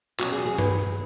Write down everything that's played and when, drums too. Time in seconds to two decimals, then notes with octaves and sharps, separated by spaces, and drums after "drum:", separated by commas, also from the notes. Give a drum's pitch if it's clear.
0.19 E2 B2 F#3 C#4 F#4, drum: clap
0.32 G#4
0.46 G#4
0.58 B4, drum: tom G2